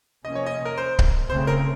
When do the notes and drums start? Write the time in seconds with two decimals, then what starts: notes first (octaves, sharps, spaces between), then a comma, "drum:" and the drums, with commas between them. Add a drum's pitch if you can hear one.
0.25 C3 F3 A#3 C#4 D#5
0.35 C#5
0.46 D#5
0.65 A#4
0.77 C5
0.99 drum: kick C#1
1.29 C#3 A3 C4 C5
1.47 A#4